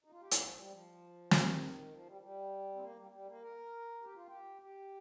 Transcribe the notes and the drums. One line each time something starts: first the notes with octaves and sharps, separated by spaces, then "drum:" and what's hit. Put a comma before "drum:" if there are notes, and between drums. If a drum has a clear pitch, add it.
D#4
F4
G4
F4, drum: hi-hat
F3
G3
F3
D#3, drum: snare
F3
G3
G3
C4
A#3
G3
G3
A#3
A#4
G4
F4
G4
G4